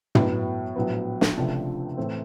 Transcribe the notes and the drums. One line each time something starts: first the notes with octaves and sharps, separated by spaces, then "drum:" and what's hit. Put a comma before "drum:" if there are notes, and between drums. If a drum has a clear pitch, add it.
A2 F#3 B3 E4, drum: tom
A#1 A2 F#3 B3
drum: snare
C#2 C3 F3 A3 D4
A2 E3 A3 C4